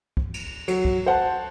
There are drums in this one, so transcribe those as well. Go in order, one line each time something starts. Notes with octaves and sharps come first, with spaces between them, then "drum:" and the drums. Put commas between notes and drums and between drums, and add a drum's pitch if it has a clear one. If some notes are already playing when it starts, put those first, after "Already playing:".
drum: kick
drum: cymbal
F#3, drum: cymbal
drum: kick
C5 F#5 A5